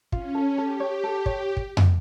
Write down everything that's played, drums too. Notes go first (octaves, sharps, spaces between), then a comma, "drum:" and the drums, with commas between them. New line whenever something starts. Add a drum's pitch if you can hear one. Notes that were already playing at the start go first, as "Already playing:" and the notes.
C#4 F4, drum: kick
A4
G4 A4
C#5
A4
C#5, drum: kick
drum: kick
drum: tom F2